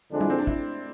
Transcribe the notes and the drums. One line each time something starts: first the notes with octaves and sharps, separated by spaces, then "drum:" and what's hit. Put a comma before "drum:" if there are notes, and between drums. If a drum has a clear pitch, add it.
F2 D3 F3 G#3 D4
E4, drum: tom
C4
D4
E4, drum: kick